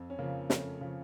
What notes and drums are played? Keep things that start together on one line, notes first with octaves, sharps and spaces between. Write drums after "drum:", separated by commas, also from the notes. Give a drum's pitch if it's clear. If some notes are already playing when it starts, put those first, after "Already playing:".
Already playing: F2
C#4
C#3 F3 A#3
F2 A3 C#4, drum: snare
C#3 F3